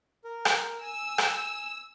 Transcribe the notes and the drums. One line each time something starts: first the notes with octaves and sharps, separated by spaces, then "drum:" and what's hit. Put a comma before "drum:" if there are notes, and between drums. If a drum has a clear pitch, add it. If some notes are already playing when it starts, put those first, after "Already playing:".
A#4
drum: rim click
G#5 E6
drum: rim click